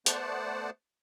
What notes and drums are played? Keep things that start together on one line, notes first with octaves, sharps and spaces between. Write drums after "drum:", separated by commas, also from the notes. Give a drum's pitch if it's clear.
A3 B3 C5 D5 F#5 A5, drum: hi-hat